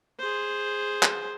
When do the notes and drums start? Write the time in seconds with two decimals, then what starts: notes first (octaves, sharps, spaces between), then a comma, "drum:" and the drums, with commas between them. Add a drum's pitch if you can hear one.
0.19 G#4 C5
1.03 drum: clap